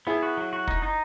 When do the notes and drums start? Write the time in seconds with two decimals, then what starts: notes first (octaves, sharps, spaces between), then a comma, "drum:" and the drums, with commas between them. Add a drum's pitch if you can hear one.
0.07 B3 E4 G#4
0.23 F#4
0.37 F#3
0.53 F#4
0.67 D#4, drum: kick
0.82 D#4